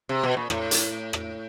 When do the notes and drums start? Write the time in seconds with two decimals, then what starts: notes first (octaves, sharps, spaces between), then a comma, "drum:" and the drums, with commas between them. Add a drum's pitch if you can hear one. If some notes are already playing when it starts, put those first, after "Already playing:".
0.09 C3
0.23 B2
0.37 A#2
0.50 A2, drum: rim click
0.71 drum: hi-hat
1.13 drum: rim click